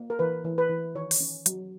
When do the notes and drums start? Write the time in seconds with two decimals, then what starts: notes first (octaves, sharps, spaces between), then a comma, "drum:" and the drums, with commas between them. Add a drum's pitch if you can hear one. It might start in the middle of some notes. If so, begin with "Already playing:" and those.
Already playing: A#3
0.10 A#4
0.19 E3 B4
0.45 E3
0.58 B4
0.70 E3
0.95 D#3 C#5
1.11 drum: open hi-hat
1.20 C#4
1.46 F#3, drum: hi-hat